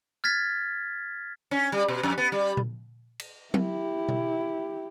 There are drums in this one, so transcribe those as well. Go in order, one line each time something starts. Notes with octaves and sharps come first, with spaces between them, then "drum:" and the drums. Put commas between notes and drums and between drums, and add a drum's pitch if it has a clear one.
F6 G#6 A6 B6
C#4
G3
B2
F2
B3
G3
drum: tom A#2
drum: cymbal
E4 G4, drum: tom F#3
drum: tom B2